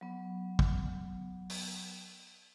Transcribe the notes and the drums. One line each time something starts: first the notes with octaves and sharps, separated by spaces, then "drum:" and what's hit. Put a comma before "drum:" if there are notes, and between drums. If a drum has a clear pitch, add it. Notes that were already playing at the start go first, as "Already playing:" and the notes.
F#3 B3
drum: kick
drum: open hi-hat